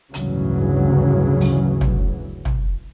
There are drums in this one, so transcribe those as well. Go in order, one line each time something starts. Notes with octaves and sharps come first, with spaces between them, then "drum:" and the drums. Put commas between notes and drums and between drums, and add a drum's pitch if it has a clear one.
A1 D2 G2 C#3 E3 F#3, drum: hi-hat
drum: open hi-hat
drum: tom
drum: tom